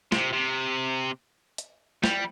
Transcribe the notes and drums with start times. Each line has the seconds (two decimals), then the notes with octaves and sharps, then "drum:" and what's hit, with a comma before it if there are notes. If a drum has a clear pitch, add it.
0.12 C3, drum: snare
0.33 C3
1.58 drum: hi-hat
2.04 G3, drum: snare